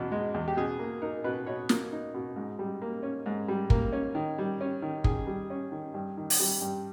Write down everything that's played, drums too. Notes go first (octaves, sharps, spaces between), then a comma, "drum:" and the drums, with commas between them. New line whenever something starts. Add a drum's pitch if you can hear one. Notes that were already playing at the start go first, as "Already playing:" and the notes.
Already playing: E2 B2
G#3
E2
G4
B2 G#4
A#3
D#4 A#4
B2 B4
B2 C#5
A#3, drum: snare
D#4
B2
G#2
G3
A#3
C#4
G#2
G3
A#3, drum: kick
C#4
D#3
G3
C#4
D#3
D#3 G#4, drum: kick
G3
C#4
D#3
G2
D#3
drum: open hi-hat
G3
G2